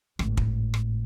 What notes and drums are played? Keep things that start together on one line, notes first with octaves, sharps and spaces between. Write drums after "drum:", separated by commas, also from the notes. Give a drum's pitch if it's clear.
G#1 A2, drum: rim click
drum: kick
drum: rim click